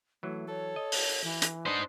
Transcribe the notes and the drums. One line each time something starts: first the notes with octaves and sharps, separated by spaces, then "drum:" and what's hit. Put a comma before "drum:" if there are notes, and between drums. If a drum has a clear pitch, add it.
E3 F#3 A3
A4 C#5
D#5
drum: open hi-hat
E3
drum: hi-hat
D4 D#4 B4 C5